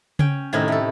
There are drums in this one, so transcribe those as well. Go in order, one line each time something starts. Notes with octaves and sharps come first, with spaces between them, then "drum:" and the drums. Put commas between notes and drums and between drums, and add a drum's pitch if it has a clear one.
C#4 G5, drum: tom C#3
A2 C3 D#3 C#4 D#4 E4
A3 A4